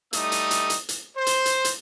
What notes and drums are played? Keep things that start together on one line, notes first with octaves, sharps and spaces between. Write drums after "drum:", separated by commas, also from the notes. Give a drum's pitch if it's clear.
G3 A3 D#4 D#6, drum: hi-hat
drum: hi-hat
drum: hi-hat
drum: hi-hat
drum: hi-hat
C5
drum: hi-hat
drum: hi-hat
drum: hi-hat